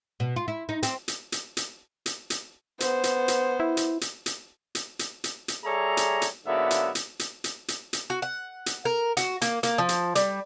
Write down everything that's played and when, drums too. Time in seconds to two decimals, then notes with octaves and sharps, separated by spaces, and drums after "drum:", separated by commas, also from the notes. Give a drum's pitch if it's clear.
0.20 B2
0.36 F4
0.48 E4
0.69 D#4
0.83 C4, drum: hi-hat
1.08 drum: hi-hat
1.32 drum: hi-hat
1.57 drum: hi-hat
2.06 drum: hi-hat
2.30 drum: hi-hat
2.80 B3 C5, drum: hi-hat
3.04 drum: hi-hat
3.28 drum: hi-hat
3.60 E4
3.77 drum: hi-hat
4.01 drum: hi-hat
4.26 drum: hi-hat
4.75 drum: hi-hat
4.99 drum: hi-hat
5.24 drum: hi-hat
5.48 drum: hi-hat
5.64 G3 G#4 A4 C#5 E5 A#5
5.97 drum: hi-hat
6.22 drum: hi-hat
6.46 G#2 D3 F#3 A#3 B3 E5
6.71 drum: hi-hat
6.95 drum: hi-hat
7.19 drum: hi-hat
7.44 drum: hi-hat
7.68 drum: hi-hat
7.93 drum: hi-hat
8.10 F#4
8.22 F#5
8.66 drum: hi-hat
8.85 A#4
9.17 F#4, drum: hi-hat
9.42 A#3, drum: hi-hat
9.63 A#3, drum: hi-hat
9.78 F3
9.89 drum: hi-hat
10.15 G3, drum: hi-hat